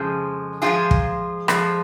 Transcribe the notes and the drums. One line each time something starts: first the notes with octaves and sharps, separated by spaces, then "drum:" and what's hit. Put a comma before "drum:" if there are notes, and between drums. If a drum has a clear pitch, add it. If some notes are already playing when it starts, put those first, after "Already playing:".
Already playing: F2 C#3 F3 G#3
G#2 F3 G#3 F4 G#4
drum: kick
F2 F3 G#3, drum: rim click